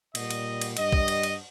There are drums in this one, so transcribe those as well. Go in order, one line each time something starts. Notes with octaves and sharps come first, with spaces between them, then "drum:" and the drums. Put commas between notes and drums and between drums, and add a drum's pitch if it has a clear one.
A#2 G3 D#5, drum: cymbal
drum: cymbal
drum: cymbal
G2 G3 D#5, drum: cymbal
drum: kick
drum: cymbal
drum: cymbal